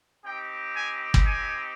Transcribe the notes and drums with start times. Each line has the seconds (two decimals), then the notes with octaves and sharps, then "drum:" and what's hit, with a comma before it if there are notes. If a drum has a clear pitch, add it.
0.24 C4 D#4 G4 G5
0.75 G#5
1.14 drum: kick
1.26 G#5